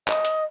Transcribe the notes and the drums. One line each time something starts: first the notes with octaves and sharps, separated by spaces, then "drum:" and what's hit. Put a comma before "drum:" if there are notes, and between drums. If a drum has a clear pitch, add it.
D#5, drum: clap
drum: hi-hat